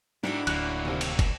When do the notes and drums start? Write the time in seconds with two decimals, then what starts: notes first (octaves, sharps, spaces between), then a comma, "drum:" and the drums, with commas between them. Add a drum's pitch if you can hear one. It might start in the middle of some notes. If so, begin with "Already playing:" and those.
0.23 G#2 D4 E4 F#4 G4 A4
0.47 D1 G#1 D2 F#3 A#3 F#6, drum: cymbal
0.85 D#2 C3
1.01 drum: cymbal
1.19 drum: kick, cymbal